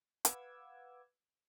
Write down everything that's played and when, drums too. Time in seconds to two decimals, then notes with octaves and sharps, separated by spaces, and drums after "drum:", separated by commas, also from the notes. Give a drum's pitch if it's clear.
0.25 B4 F5 F#5 D6 E6 G#6, drum: hi-hat